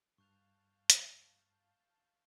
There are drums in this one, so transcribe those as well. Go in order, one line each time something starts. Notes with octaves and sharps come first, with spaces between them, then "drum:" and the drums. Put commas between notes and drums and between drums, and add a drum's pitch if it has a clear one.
G2 F5 A5 C#6 F#6 G6 F7
drum: hi-hat